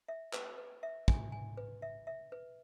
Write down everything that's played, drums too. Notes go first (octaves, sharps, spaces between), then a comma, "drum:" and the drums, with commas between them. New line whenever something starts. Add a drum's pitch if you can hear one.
E5
B4, drum: clap
B4
E5
G#5, drum: kick
G#5
B4
E5
E5
B4